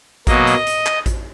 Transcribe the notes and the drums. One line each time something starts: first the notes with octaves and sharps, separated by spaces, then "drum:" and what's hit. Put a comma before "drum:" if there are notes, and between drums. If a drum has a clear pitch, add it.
B2 F#3 A#3 D#5, drum: kick A1, hi-hat
drum: hi-hat
drum: hi-hat
drum: clap
drum: kick A1, hi-hat